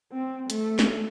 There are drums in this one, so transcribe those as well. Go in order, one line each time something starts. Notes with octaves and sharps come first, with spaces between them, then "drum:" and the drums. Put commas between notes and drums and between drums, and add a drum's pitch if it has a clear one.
C4
A3, drum: hi-hat
drum: snare